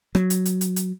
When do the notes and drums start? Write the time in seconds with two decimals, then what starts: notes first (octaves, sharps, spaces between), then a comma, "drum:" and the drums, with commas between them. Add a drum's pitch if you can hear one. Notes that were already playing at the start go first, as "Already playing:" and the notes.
0.15 F#3, drum: rim click
0.30 drum: hi-hat
0.46 drum: hi-hat
0.61 drum: hi-hat
0.76 drum: hi-hat